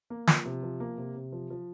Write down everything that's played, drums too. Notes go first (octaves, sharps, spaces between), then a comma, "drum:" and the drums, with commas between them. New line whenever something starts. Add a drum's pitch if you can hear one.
A#3
F3, drum: snare
C3
F3
A#3
C3
C3
F3
F3